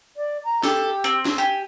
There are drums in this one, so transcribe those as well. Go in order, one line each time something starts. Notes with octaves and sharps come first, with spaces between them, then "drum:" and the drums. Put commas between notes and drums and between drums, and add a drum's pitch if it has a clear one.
D5
A#5
G4 A4, drum: snare
C4
drum: snare
G4 G#5